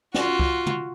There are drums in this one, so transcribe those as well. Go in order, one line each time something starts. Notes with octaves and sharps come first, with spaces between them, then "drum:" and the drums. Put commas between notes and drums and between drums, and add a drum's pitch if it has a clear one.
F4 F#4, drum: snare
drum: kick C2
drum: tom